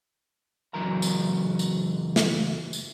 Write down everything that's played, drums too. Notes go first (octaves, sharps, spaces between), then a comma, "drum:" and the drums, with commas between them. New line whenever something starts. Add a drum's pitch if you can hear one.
C#2 F#2 E3 F#3 A#4 A#5
drum: tambourine
drum: tambourine
drum: snare
drum: tambourine